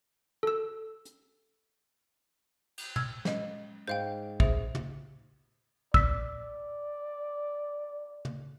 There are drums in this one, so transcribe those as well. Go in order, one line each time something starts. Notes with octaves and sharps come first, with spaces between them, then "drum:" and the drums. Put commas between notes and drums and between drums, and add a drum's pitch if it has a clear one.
A4 E6
drum: hi-hat
drum: cymbal
E6 F6 G#6, drum: tom
G#3 C#4 D#5, drum: snare
G#2 C5 F5 G5 G6
G#4 C5 E5, drum: kick
drum: tom
D5 E6 B6, drum: kick
drum: tom